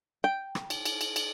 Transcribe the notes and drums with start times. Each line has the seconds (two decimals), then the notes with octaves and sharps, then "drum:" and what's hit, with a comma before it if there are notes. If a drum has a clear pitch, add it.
0.24 G5
0.55 drum: rim click
0.70 drum: cymbal
0.85 drum: cymbal
1.01 drum: cymbal
1.16 drum: cymbal